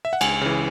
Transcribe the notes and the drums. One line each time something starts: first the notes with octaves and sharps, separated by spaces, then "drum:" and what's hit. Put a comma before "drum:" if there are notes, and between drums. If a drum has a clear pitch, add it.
E5
F#5
C#2 G#5, drum: cymbal
C#3 E3